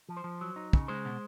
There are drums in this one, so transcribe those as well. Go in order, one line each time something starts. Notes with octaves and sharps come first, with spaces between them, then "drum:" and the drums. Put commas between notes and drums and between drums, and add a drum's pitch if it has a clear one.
F3
C5
F3
F#3
D#4
C#3, drum: kick
G#3 C5
B2